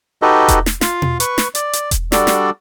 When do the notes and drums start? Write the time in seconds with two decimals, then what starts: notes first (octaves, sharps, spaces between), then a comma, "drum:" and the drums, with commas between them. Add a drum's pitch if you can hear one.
0.22 D#4 F#4 G4 A4 B4 D#5
0.48 drum: kick E1, hi-hat
0.66 drum: snare
0.81 F4 F5, drum: snare
1.02 drum: tom B2
1.20 B4 C#6, drum: hi-hat
1.38 drum: snare
1.55 D5, drum: hi-hat
1.73 drum: hi-hat
1.91 drum: kick E1, hi-hat
2.12 G3 D4 F#4 A4 D5, drum: snare
2.27 drum: snare